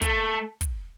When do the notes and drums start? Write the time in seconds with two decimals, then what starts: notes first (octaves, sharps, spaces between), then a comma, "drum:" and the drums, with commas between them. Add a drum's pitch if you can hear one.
0.02 A3, drum: kick, hi-hat
0.61 drum: kick, hi-hat